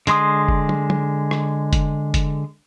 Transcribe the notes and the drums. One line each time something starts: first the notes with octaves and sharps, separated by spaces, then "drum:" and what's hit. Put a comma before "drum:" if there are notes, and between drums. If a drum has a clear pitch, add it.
D3 G#3 C6 D#6, drum: hi-hat
drum: kick
drum: tom
drum: tom
drum: rim click
drum: kick, hi-hat
drum: kick, hi-hat